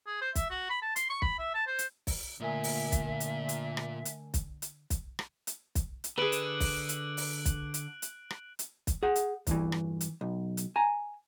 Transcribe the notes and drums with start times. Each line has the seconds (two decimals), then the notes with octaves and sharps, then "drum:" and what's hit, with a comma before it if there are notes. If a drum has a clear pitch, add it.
0.06 G#4
0.22 C5
0.35 E5, drum: kick, hi-hat
0.51 F#4
0.70 B5
0.82 A5
0.96 C6, drum: hi-hat
1.10 C#6
1.22 B5, drum: kick
1.39 E5
1.54 A5
1.67 C5
1.79 drum: hi-hat
2.07 drum: kick, open hi-hat
2.40 A#2 D3 A3 A#4 E5 G#5
2.64 drum: open hi-hat
2.92 drum: kick, hi-hat
3.20 drum: hi-hat
3.49 drum: hi-hat
3.77 drum: rim click
4.05 drum: hi-hat
4.34 drum: kick, hi-hat
4.62 drum: hi-hat
4.90 drum: kick, hi-hat
5.19 drum: rim click
5.47 drum: hi-hat
5.75 drum: kick, hi-hat
6.04 drum: hi-hat
6.18 D3 G#4 B4 F#6 D7 F#7
6.32 drum: hi-hat
6.60 drum: kick, open hi-hat
6.89 drum: hi-hat
7.17 drum: open hi-hat
7.45 drum: kick, hi-hat
7.74 drum: hi-hat
8.02 drum: hi-hat
8.30 drum: rim click
8.59 drum: hi-hat
8.87 drum: kick, hi-hat
9.03 G#4 F#5
9.16 drum: hi-hat
9.47 E2 G2 E3, drum: kick, hi-hat
9.72 drum: rim click
10.01 drum: hi-hat
10.21 B1
10.57 drum: hi-hat
10.76 G#5 A#5